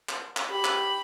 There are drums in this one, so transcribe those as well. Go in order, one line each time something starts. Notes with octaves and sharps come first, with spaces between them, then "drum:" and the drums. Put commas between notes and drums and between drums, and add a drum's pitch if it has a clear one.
drum: clap
drum: clap
G4 B5
drum: clap